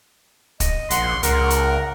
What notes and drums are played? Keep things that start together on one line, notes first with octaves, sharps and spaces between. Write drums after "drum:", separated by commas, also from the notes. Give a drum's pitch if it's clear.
D#5, drum: kick, hi-hat
A#1 F#5 C6, drum: hi-hat
C#2 A#4 F#5, drum: hi-hat
drum: hi-hat